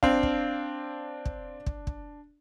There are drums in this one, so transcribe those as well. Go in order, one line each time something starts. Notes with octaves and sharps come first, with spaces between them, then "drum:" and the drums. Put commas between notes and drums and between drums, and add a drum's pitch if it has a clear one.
C4 D4 F5, drum: kick
drum: kick
drum: kick
drum: kick
drum: kick